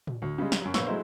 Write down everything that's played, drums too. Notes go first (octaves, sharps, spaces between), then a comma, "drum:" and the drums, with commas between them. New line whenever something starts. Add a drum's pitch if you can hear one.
drum: tom A2
D2
C#3 G3 G#3
drum: snare
F#2 F#3
A#1 A#2 B3 C#5 C#6 E6, drum: snare
F#3 G#3 A3 D#4 E4 C5